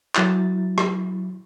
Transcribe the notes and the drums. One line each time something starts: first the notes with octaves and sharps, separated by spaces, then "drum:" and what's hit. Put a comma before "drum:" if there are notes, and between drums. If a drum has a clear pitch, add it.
F#3 E4 A6, drum: clap
drum: rim click